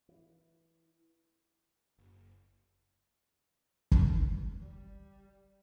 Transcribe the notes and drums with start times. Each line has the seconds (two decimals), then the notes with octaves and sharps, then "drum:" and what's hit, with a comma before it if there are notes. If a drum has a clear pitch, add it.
0.09 E3
1.98 F#1
3.91 drum: kick
4.61 G3